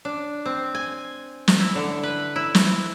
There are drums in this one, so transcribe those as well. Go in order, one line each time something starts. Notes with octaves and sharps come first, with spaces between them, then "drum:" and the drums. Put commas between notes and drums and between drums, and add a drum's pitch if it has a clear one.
D4
C4
G#5
drum: snare
E4
D3
B4
E4
drum: snare